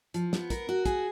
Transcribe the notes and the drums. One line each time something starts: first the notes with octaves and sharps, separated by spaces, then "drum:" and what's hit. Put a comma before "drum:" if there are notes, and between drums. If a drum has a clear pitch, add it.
F3, drum: hi-hat
B3, drum: snare
A#4, drum: kick, hi-hat
F#4
G#4, drum: kick, hi-hat